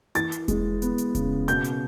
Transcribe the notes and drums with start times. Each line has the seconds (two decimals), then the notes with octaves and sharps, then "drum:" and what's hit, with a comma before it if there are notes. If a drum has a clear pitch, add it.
0.15 E3 A6, drum: hi-hat
0.32 drum: hi-hat
0.48 G#3, drum: kick E1, hi-hat
0.82 B3, drum: hi-hat
0.98 drum: hi-hat
1.15 C#3, drum: kick E1, hi-hat
1.48 B2 G6, drum: hi-hat
1.64 drum: hi-hat